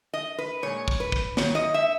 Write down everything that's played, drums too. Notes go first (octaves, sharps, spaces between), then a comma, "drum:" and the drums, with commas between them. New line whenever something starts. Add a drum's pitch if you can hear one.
D#5
B4
A#2 G#3 C#5
drum: kick
B4
drum: kick
G#2 D#3 F#3 C#5, drum: snare
D#5
E5